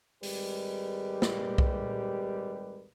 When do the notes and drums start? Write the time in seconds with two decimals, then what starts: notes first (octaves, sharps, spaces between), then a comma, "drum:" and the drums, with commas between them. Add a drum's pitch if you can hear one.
0.23 G#1 G3 G#3 G4 A#4 B4, drum: open hi-hat
1.22 drum: snare
1.58 drum: kick B1